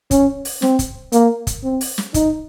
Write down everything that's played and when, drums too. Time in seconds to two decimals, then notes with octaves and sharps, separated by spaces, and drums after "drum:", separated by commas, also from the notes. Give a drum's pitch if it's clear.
0.11 C#4, drum: kick, hi-hat
0.45 drum: open hi-hat
0.62 C4, drum: snare
0.79 drum: kick, hi-hat
1.12 A#3, drum: hi-hat
1.47 drum: kick, hi-hat
1.63 C4
1.81 drum: open hi-hat
1.98 drum: snare
2.14 D#4, drum: kick, hi-hat